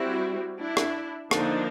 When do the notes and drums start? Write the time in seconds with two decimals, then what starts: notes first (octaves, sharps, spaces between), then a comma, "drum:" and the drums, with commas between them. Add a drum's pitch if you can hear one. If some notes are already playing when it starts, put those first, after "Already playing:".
Already playing: G3 C4 E4 F#4
0.58 D4 E4
0.77 drum: rim click
1.31 D3 F3 A#3 D4 D#4, drum: rim click